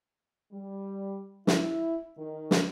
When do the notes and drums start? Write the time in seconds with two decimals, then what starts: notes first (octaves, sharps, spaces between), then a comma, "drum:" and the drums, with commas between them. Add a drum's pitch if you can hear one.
0.53 G3
1.47 E4, drum: snare
2.18 D#3
2.51 drum: snare